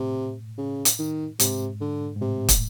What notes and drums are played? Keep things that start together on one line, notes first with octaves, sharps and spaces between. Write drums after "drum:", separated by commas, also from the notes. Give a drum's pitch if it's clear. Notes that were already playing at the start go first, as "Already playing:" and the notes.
Already playing: A2 C3
C#3
drum: hi-hat
D#3
G#2 C3, drum: hi-hat
D3
G#2
A2 C3
drum: kick, hi-hat